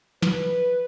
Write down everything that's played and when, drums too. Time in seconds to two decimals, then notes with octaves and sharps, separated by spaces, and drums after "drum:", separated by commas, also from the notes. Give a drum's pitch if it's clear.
0.22 B4, drum: snare